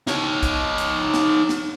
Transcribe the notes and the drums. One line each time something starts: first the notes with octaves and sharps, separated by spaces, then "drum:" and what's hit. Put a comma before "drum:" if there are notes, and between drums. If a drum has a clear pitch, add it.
D#4 C#5, drum: snare
drum: kick, hi-hat
drum: hi-hat
drum: snare
drum: snare